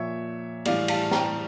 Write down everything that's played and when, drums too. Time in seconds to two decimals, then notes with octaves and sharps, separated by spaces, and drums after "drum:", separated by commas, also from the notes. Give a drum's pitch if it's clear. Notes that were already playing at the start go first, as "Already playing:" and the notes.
Already playing: A#2 F3 C#5 E5
0.65 A2 E3 G3 D5 F5, drum: cymbal
0.88 F5 A5, drum: cymbal
1.11 G5 A#5, drum: snare